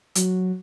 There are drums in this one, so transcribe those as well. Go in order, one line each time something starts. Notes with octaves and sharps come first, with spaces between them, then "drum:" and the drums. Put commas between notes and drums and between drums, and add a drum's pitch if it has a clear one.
F#3, drum: hi-hat